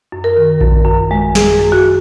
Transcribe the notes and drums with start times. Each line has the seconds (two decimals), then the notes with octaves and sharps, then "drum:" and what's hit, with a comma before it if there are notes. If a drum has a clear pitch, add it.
0.12 F#2
0.24 A#4
0.37 D#3
0.61 F#2, drum: kick A#1
0.85 F#2
1.11 G#3
1.35 F#2 G#4, drum: snare
1.59 F#2
1.72 F#4